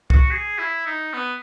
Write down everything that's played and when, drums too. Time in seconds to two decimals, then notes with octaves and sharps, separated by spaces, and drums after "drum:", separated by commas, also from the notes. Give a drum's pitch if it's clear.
0.10 F#4, drum: kick
0.30 G#4
0.59 E4
0.86 D#4
1.14 B3